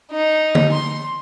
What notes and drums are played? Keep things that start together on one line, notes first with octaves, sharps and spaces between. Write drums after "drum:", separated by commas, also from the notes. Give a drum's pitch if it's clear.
D#4
drum: tom D3
C6